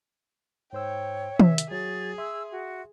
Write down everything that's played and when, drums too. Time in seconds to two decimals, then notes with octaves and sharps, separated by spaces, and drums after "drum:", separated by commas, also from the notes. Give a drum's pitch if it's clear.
0.73 G#2 C5 C#5 G5 E6
1.40 C3 E5, drum: tom
1.58 drum: hi-hat
1.71 F#3 F#4 G#4 C#5 A6
2.18 E5 C6 E6
2.52 F#4